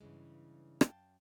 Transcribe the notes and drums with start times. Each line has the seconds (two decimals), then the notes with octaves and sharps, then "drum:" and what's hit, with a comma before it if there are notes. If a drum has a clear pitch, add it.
0.01 G2 C#3 E3 G#3
0.81 F#2 F5 G5 A5, drum: rim click